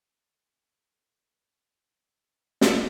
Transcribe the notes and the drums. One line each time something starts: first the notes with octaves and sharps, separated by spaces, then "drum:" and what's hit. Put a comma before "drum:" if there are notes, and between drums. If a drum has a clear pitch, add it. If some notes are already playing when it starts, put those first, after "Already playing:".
A4 B4
drum: snare